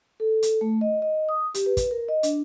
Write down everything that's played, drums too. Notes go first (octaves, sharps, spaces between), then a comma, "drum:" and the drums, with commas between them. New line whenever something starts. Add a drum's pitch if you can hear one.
A4
drum: hi-hat
A3
D#5
D#5
D#6
G4, drum: hi-hat
B4
drum: kick, hi-hat
A#4
D#5
D4, drum: hi-hat